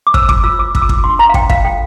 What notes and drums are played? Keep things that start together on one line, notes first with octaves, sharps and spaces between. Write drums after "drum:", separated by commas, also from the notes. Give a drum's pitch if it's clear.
D6
C5 E6, drum: kick
F4 D6, drum: kick
F4 E6
C5 D6
F4 E6, drum: kick
D6
F4, drum: kick
D4 C6
C5 A#5
F5
C5 G5, drum: kick
F4 F5, drum: kick
A4 G5